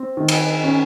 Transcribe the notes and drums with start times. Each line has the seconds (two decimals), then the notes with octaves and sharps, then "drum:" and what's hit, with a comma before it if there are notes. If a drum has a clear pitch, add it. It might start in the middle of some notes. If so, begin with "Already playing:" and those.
Already playing: C4
0.17 D#3
0.28 drum: cymbal
0.63 C#4